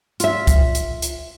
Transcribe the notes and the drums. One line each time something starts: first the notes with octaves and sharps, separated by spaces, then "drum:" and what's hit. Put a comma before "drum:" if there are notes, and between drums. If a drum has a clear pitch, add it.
F4 E5, drum: hi-hat
drum: kick C2, hi-hat
drum: hi-hat
drum: hi-hat